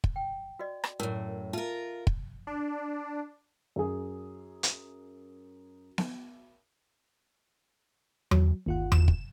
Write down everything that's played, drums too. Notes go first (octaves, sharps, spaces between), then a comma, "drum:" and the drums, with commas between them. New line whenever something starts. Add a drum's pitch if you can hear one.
drum: kick
G5
F#4 D5 D#5
drum: rim click
F#2 A2 A#4 A5
F4 A#4 E5 A5
drum: kick
D4
F#2 G#4
drum: hi-hat
drum: snare B3
F#3, drum: tom E2
G1 D#2 F4 F#5
E7, drum: tom E2
drum: kick